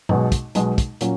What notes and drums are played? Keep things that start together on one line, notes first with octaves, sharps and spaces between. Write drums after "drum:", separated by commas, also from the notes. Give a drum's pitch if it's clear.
B1 B2 G#3, drum: tom G2
drum: kick, hi-hat
B1 B2 G#3, drum: hi-hat
drum: kick, hi-hat
A#2 F#3 C#4, drum: hi-hat